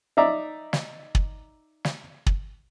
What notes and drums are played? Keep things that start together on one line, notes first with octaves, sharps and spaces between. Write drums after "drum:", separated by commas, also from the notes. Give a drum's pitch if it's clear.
D#4 D5 E5 A#5
drum: snare
drum: kick
drum: snare
drum: kick